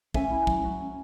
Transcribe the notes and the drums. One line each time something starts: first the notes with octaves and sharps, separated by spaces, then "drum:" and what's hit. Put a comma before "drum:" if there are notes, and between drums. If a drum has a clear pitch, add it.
C#4 E5 G#5, drum: kick
E4
F#3, drum: kick
F#3
C#4